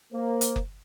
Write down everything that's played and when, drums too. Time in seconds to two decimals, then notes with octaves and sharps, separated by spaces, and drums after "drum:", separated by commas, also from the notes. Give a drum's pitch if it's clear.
0.13 A#3 C5
0.41 drum: hi-hat
0.56 drum: kick F#1